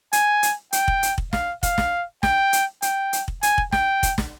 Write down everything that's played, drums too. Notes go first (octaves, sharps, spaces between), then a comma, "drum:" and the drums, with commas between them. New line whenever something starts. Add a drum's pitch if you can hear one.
G#5, drum: hi-hat
drum: hi-hat
G5, drum: hi-hat
drum: kick
drum: hi-hat
drum: kick
F5, drum: snare
F5, drum: kick, hi-hat
drum: snare
G5, drum: snare
drum: hi-hat
G5, drum: hi-hat
drum: hi-hat
drum: kick
G#5, drum: hi-hat
drum: kick
G5, drum: snare
drum: kick, hi-hat
drum: snare